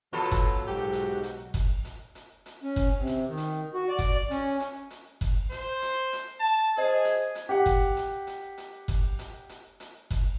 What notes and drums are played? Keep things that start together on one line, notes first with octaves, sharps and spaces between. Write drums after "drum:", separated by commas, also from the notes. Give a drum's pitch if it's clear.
B2 F#3 F4 A4
drum: kick F#1, hi-hat
B1 G#2 F#4 G4
drum: hi-hat
drum: hi-hat
drum: kick F#1, hi-hat
drum: hi-hat
drum: hi-hat
drum: hi-hat
C#4
drum: kick F#1, hi-hat
C3
drum: hi-hat
D#3
drum: hi-hat
F#4
D5
drum: kick F#1, hi-hat
C#4, drum: hi-hat
drum: hi-hat
drum: hi-hat
drum: kick F#1, hi-hat
C5, drum: hi-hat
drum: hi-hat
drum: hi-hat
A5
G#4 C5 D#5 G#6
drum: hi-hat
drum: hi-hat
G4 F#5
drum: kick F#1, hi-hat
drum: hi-hat
drum: hi-hat
drum: hi-hat
drum: kick F#1, hi-hat
drum: hi-hat
drum: hi-hat
drum: hi-hat
drum: kick F#1, hi-hat